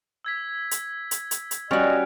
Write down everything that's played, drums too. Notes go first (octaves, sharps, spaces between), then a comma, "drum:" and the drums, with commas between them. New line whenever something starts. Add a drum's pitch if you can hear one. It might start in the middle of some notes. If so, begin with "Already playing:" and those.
E6 G#6 B6
drum: hi-hat
drum: hi-hat
drum: hi-hat
drum: hi-hat
G3 C#4 F#4 D#5 F#6 D7 F7